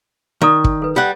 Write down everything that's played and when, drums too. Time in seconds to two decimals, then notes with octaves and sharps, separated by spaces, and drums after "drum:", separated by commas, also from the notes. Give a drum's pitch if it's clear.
0.41 D#3 D5 D#6
0.64 drum: kick
0.82 A4 B4
0.96 G3 F#5